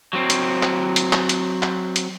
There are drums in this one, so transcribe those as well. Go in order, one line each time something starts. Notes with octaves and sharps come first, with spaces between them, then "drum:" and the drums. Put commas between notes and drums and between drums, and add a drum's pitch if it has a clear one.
F#3 C4
drum: hi-hat
drum: clap
drum: hi-hat
drum: clap
drum: hi-hat
drum: clap
drum: hi-hat